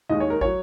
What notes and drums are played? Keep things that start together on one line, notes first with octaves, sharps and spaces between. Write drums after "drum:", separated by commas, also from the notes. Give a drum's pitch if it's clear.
D#2 D#3 G#3 D#5
C#5
A#4
F#3 C#5, drum: kick